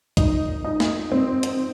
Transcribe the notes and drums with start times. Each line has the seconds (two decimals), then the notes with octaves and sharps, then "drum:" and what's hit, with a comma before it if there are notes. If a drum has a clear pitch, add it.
0.17 D#4, drum: kick C2, hi-hat
0.64 D#4
0.80 drum: snare
1.12 C4
1.43 drum: hi-hat